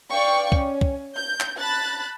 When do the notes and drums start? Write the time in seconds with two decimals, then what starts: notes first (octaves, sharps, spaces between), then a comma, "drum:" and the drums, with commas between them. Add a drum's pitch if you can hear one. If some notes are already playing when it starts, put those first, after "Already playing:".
0.10 B4 D5 F5 G5 C#6
0.52 C#4, drum: kick
0.81 drum: kick
1.16 G6
1.40 drum: clap
1.58 A5 B5 F#6 A6